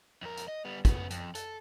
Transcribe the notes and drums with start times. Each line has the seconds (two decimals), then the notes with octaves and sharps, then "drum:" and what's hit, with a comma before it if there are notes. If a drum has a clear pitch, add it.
0.22 F2 A#4
0.37 drum: hi-hat
0.48 D#5
0.65 G3 B3
0.85 C#3 B3, drum: kick, hi-hat
1.11 F2, drum: hi-hat
1.35 A4, drum: hi-hat